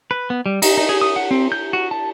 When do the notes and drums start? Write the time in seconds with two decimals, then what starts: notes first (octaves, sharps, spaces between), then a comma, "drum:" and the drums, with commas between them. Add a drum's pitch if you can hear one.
0.11 B4
0.30 B3
0.46 G3
0.62 D#4, drum: cymbal
0.77 D#4
0.89 G#4
1.01 D#6
1.16 F#5
1.31 C4
1.52 G6
1.73 F#4
1.91 A5